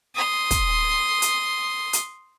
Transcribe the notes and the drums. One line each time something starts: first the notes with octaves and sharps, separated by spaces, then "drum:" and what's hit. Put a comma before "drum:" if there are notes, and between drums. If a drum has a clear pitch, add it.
C6 D#6
drum: kick, hi-hat
drum: hi-hat
drum: hi-hat